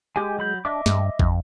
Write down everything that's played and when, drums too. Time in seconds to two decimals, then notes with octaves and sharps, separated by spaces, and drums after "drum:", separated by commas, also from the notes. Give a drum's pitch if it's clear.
0.16 G#3 G4 G#5
0.38 F#3 B5 G6
0.65 D4 D#5 E5 D6
0.86 G2, drum: snare
1.19 F2, drum: kick G#1